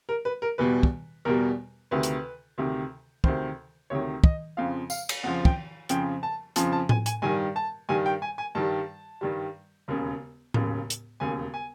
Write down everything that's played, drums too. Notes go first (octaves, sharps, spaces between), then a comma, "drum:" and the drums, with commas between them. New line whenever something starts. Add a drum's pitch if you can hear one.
A#4
B4
A#4
E2 B2 G3 B4
drum: kick
E2 B2 G3 A#4
D2 C3 D#3 B4
drum: hi-hat
D2 C3 D#3
D2 C3 D#3 C5, drum: kick
D2 C3 D#3 C#5
D#5, drum: kick
F2 C#3 F3 F5
F5, drum: tambourine
drum: cymbal
F2 C#3 F3 F#5
G5, drum: kick
F2 C#3 F3 G5, drum: hi-hat
A5
F2 C#3 F3 A5, drum: hi-hat
A5
G#5, drum: tom A2
G#5, drum: hi-hat
G2 D#3 G3 G#5
A5
G2 D#3 G3 G#5
G5
G#5
G#5
G2 D#3 G3 A5
G2 D#3 G3
E1 D#2 C#3
E1 D#2 C#3, drum: tom A2
drum: hi-hat
E1 D#2 C#3 G#5
G#5